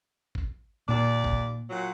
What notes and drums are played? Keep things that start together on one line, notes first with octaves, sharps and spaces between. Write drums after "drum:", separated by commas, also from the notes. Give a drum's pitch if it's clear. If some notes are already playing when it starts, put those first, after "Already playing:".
drum: kick G#1
D#2 A#2 D5
drum: kick G#1
A#2 F#3